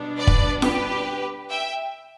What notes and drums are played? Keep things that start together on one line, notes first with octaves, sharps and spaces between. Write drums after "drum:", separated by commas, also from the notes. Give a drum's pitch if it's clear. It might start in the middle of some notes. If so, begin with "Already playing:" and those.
Already playing: B2 G3 B3 D4
B4 D5
drum: kick
G4 B4, drum: snare F4
E5 G5